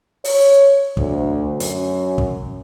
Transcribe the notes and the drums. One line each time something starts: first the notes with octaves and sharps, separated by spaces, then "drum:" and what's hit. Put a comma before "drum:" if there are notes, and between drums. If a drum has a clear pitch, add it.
C#5, drum: open hi-hat
D2, drum: kick
F#2, drum: hi-hat
drum: kick